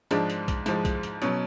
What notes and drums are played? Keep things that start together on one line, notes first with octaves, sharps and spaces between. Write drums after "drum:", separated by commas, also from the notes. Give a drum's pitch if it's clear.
G#2 F3 G#3 D4, drum: hi-hat
drum: hi-hat
drum: kick, hi-hat
G#2 F3 G#3, drum: hi-hat
drum: kick, hi-hat
drum: hi-hat
B2 F#3 C#4, drum: hi-hat